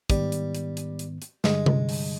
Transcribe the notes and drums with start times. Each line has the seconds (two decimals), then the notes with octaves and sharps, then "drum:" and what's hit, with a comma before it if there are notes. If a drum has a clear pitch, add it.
0.10 G#2 D#3 G3 B3, drum: kick, hi-hat
0.32 drum: hi-hat
0.55 drum: hi-hat
0.77 drum: hi-hat
0.99 drum: hi-hat
1.22 drum: hi-hat
1.44 G2 D3 G3 G#3, drum: snare
1.66 drum: tom C3
1.89 drum: open hi-hat